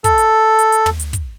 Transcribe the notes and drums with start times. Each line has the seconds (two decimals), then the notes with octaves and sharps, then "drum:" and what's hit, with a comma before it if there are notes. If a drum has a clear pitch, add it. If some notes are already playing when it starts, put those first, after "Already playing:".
0.04 A4, drum: kick, hi-hat
0.18 drum: hi-hat
0.59 drum: hi-hat
0.72 drum: hi-hat
0.86 drum: tom
0.99 drum: hi-hat
1.13 drum: kick, hi-hat